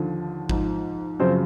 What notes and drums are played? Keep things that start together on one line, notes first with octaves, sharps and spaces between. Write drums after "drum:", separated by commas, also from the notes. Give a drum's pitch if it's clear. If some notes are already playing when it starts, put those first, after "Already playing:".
Already playing: D#2 D3 F3
G#2 F3, drum: kick G#1
F#2 C#3 F3 C4 C5